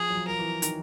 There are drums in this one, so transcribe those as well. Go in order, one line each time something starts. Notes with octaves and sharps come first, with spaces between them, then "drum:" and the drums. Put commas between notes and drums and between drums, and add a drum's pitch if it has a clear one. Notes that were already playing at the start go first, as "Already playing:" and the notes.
Already playing: F3 G#4
F#3
F3
F3 A#4
E3
D#3, drum: hi-hat